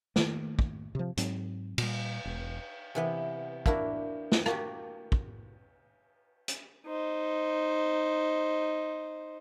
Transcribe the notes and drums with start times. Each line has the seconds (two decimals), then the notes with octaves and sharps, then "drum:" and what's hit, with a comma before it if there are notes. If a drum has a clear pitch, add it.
0.16 D#3 A3 A#3, drum: snare
0.59 drum: kick
0.95 C3 F3
1.17 G#2 F#3 C4, drum: hi-hat
1.78 A#2 G3, drum: cymbal
2.25 E1
2.95 C3 E3 B3
3.66 A#3 D4 E4 F#4 A#4, drum: kick
4.32 drum: snare
4.46 A#3 F#4 G4, drum: rim click
5.12 drum: kick
6.48 drum: hi-hat
6.86 D#4 C5